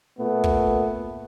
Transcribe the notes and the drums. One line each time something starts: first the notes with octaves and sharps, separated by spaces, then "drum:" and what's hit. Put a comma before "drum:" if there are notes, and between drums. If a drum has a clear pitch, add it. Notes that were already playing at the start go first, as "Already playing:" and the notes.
A#2 A3 B3
drum: kick